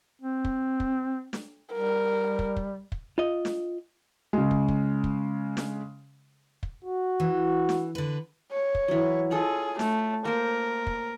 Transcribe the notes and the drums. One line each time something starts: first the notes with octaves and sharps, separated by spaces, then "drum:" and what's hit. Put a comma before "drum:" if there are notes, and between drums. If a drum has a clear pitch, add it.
C4
drum: kick
drum: kick
drum: snare
G3 A#4
drum: kick
drum: kick
drum: kick
F4 D#5
drum: snare
C#3 G#3
drum: kick
drum: kick
drum: kick
drum: snare
drum: kick
F#4
E3
drum: snare
D3 B4
C#5
drum: kick
E3 F#3
F4 G#4 A4 D#5
A3, drum: snare
A#3 A#4 C5
drum: kick